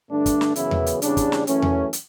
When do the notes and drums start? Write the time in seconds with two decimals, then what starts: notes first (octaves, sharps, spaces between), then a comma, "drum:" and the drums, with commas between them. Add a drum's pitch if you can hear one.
0.10 G2 D3 A3 D4
0.26 drum: kick, hi-hat
0.41 drum: snare
0.56 F#2 C#3 E3 B3 E4, drum: hi-hat
0.71 drum: tom E2
0.86 drum: hi-hat
1.02 E2 C#3 G3 D4, drum: hi-hat
1.17 drum: kick, hi-hat
1.32 drum: snare
1.47 F#2 E3 A3 C#4, drum: hi-hat
1.62 drum: tom E2
1.93 drum: hi-hat